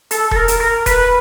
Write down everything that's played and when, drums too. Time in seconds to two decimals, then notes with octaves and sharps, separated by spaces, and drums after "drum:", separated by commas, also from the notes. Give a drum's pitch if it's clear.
0.11 A4, drum: hi-hat
0.31 A4, drum: kick E1
0.36 A#4
0.48 drum: hi-hat
0.60 A#4
0.86 B4, drum: kick E1, hi-hat